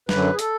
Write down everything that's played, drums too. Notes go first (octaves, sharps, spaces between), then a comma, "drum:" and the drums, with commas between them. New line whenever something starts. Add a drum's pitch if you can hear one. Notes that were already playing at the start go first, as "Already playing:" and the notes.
F#2 D3 F#3 B4, drum: snare
G#4
A4, drum: hi-hat